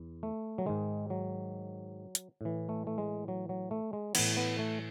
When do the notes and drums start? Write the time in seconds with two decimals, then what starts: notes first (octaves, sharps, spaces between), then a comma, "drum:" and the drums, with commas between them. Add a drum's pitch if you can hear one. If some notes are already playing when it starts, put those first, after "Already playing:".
Already playing: E2
0.23 A3
0.58 F#3
0.66 G#2 D#3 G#3
1.10 F#3
2.15 drum: hi-hat
2.41 A2 E3
2.69 A3
2.87 A3
2.98 G#3
3.28 F#3
3.49 F#3
3.71 A3
3.93 G#3
4.15 A2 E3 B3, drum: cymbal
4.37 B3
4.59 A3